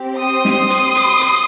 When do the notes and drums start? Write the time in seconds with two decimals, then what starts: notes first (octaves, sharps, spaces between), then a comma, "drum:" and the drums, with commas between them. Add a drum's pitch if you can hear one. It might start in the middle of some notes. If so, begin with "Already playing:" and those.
Already playing: C4 G4
0.20 C6 D#6
0.45 drum: snare
0.70 drum: hi-hat
0.96 drum: hi-hat
1.21 drum: hi-hat